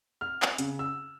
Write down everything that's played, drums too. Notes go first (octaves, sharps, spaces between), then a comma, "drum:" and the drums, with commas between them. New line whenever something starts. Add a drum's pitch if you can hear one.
F6
drum: clap
C#3, drum: hi-hat
E6